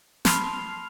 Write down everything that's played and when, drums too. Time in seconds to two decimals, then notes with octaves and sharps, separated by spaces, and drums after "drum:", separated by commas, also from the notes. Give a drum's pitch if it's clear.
0.25 A5 B5 C6 F6 C7 F7, drum: snare